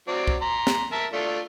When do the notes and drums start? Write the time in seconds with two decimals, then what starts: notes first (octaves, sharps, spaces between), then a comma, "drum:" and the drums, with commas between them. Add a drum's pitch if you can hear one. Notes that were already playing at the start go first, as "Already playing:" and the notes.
0.08 F#3 C4 D5
0.28 drum: kick
0.41 A#5 C6
0.67 drum: snare
0.92 A#4 E5 A5
1.13 A3 D4 F4